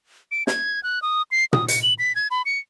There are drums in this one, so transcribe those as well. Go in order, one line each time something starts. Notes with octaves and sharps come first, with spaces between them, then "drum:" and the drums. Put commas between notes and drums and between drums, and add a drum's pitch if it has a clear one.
D7
G#6, drum: snare
F#6
D#6
C7
D#6, drum: tom A#2
C#7, drum: hi-hat
F#7
B6
G#6
B5
C#7